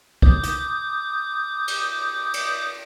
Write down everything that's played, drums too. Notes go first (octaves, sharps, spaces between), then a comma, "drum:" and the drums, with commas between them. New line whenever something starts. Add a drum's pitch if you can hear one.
D6 D#6 G6, drum: kick
drum: hi-hat
drum: cymbal
drum: cymbal